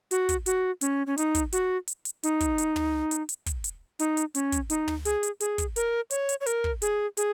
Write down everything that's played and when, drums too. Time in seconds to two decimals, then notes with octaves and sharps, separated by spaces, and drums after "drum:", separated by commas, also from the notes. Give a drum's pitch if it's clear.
0.11 F#4, drum: hi-hat
0.29 drum: kick, hi-hat
0.46 F#4, drum: hi-hat
0.81 C#4, drum: hi-hat
1.07 C#4
1.18 D#4, drum: hi-hat
1.35 drum: kick, hi-hat
1.52 F#4, drum: hi-hat
1.88 drum: hi-hat
2.05 drum: hi-hat
2.23 D#4, drum: hi-hat
2.40 drum: kick, hi-hat
2.58 drum: hi-hat
2.76 drum: tom
3.11 drum: hi-hat
3.29 drum: hi-hat
3.46 drum: kick, hi-hat
3.64 drum: hi-hat
3.99 D#4, drum: hi-hat
4.17 drum: hi-hat
4.35 C#4, drum: hi-hat
4.52 drum: kick, hi-hat
4.70 D#4, drum: hi-hat
4.88 drum: tom
5.05 G#4, drum: hi-hat
5.23 drum: hi-hat
5.40 G#4, drum: hi-hat
5.58 drum: kick, hi-hat
5.76 A#4, drum: hi-hat
6.10 C#5, drum: hi-hat
6.29 drum: hi-hat
6.41 C#5
6.46 A#4, drum: hi-hat
6.64 drum: kick
6.82 G#4, drum: hi-hat
7.17 G#4, drum: hi-hat